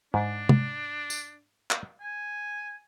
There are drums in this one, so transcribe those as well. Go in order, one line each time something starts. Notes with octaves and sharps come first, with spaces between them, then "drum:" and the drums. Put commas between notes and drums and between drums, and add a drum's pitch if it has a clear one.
G#2 D4
drum: tom C3
drum: tambourine
drum: clap
G#5